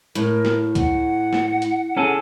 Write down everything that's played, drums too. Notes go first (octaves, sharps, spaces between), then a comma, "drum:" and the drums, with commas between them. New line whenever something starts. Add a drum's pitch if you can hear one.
A2 A#4, drum: hi-hat
drum: snare
F#5, drum: kick C2, hi-hat
drum: snare
drum: hi-hat
C#4 G#4 A4